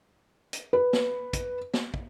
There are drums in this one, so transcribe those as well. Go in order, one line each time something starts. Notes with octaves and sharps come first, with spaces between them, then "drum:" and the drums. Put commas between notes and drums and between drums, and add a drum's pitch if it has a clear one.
drum: hi-hat
B4
drum: snare
drum: kick, hi-hat
drum: snare
drum: kick